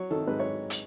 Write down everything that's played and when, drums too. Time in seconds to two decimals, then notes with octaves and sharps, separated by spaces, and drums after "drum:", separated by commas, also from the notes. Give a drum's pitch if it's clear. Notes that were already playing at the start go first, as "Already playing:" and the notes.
Already playing: F#3 C#5
0.11 D#3 A4
0.27 G#2 B4
0.39 C#5
0.70 drum: hi-hat